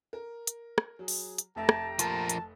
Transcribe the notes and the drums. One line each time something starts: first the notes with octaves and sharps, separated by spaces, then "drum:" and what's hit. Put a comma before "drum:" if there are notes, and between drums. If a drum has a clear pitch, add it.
A#4
drum: hi-hat
drum: rim click
F#3 G#4
drum: open hi-hat
drum: hi-hat
F1 A3 G4 E5 G5 A5 A#5
drum: rim click
F3 A#4 A5, drum: hi-hat
drum: hi-hat